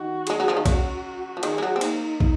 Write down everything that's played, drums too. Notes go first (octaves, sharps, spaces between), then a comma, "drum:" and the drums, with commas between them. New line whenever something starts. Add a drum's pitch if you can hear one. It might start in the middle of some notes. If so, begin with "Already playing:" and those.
Already playing: D#3 F#4
G#3 G#4, drum: cymbal
F#3
F3
D#3
C#3 F#4, drum: kick, cymbal
F3
D#3 G#4, drum: cymbal
G#3
F#3
C4
A#3 D#4, drum: cymbal
drum: kick